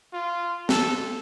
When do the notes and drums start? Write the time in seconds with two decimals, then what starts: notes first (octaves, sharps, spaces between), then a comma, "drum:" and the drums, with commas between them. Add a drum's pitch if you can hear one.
0.13 F4
0.69 A4, drum: snare